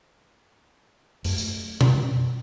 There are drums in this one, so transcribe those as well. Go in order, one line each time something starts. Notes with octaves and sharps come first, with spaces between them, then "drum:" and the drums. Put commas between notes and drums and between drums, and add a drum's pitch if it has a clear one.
F#2 A3, drum: open hi-hat
drum: tambourine
drum: tom B2